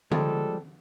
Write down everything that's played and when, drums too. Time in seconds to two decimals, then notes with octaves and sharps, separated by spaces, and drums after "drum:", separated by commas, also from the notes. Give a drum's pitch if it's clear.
0.12 F3 G3 G#3 A4, drum: tom D3